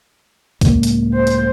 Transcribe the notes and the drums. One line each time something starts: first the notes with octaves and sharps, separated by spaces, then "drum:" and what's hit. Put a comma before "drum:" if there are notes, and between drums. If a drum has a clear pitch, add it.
C#2 A2 A#3, drum: kick, hi-hat
drum: hi-hat
C5
drum: hi-hat